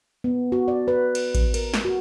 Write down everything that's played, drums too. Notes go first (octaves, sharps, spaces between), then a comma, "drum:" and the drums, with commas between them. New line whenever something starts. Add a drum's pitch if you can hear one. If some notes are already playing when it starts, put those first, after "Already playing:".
B3
F#4
D5
B4
drum: cymbal
drum: kick A1, cymbal
A#4, drum: cymbal
drum: snare
F#4